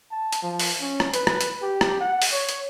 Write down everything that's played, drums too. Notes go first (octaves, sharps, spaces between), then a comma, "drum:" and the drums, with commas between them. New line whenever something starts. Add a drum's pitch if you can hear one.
A5
drum: hi-hat
F3
drum: open hi-hat
C#4
drum: rim click
B4, drum: hi-hat
drum: rim click
drum: hi-hat
G4
drum: rim click
F#5
drum: open hi-hat
C#5
drum: hi-hat